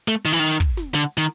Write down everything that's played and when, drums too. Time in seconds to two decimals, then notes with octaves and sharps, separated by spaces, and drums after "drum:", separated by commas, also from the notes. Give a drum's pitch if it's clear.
0.08 A3
0.25 D#3
0.33 E3
0.39 D#3
0.60 drum: kick
0.77 drum: snare
0.94 D3
1.18 D#3